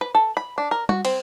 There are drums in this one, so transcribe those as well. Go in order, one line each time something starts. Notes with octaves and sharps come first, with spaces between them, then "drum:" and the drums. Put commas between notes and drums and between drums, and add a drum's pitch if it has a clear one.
B4
A4
B5
D4
A#4
F#4, drum: tom G3
C4, drum: cymbal